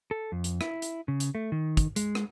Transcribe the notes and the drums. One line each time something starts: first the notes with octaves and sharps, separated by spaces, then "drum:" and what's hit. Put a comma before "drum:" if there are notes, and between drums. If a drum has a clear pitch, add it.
A4
F2
drum: hi-hat
E4, drum: rim click
drum: hi-hat
C#3
drum: hi-hat
A3
D#3
drum: kick, hi-hat
G#3, drum: hi-hat
drum: rim click